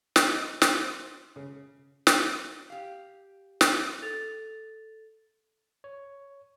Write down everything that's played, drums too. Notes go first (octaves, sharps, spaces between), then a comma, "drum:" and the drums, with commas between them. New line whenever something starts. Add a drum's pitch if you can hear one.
D#4, drum: snare
C5, drum: snare
C#3
drum: snare
G4 F5
drum: snare
A4 A6 F7
C#5